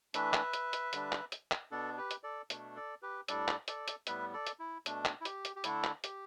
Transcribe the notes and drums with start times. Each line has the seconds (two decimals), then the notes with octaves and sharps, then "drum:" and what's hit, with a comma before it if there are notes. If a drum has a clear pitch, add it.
0.14 E3 A3 D4 B4 E5, drum: hi-hat
0.34 drum: clap
0.53 drum: hi-hat
0.73 drum: hi-hat
0.93 D3 G3 D4, drum: hi-hat
1.12 drum: clap
1.32 drum: hi-hat
1.52 drum: clap
1.71 B2 B3 D4 A4 D5
1.98 G4 B4
2.11 drum: hi-hat
2.23 A4 D5
2.50 B2 A3 D4, drum: hi-hat
2.76 A4 D5
3.02 G4 B4
3.28 A2 G3 D4 A4 D5, drum: hi-hat
3.48 drum: clap
3.68 A4 D5, drum: hi-hat
3.88 drum: hi-hat
4.07 A2 G3 B3 B4 E5, drum: hi-hat
4.33 A4 D5
4.47 drum: hi-hat
4.59 E4
4.86 B2 A3 D4, drum: hi-hat
5.06 drum: clap
5.21 E4
5.25 G4, drum: hi-hat
5.45 drum: hi-hat
5.56 G4
5.64 D3 A3 D4 E4 A4, drum: hi-hat
5.84 drum: clap
6.04 G4, drum: hi-hat